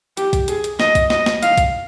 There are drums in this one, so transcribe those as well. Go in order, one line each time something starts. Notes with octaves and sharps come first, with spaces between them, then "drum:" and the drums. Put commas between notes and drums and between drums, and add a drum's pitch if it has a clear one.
G4, drum: hi-hat
drum: kick, hi-hat
G#4, drum: hi-hat
drum: hi-hat
D#5, drum: snare
drum: kick, hi-hat
D#5, drum: snare
drum: snare
F5, drum: hi-hat
drum: kick, hi-hat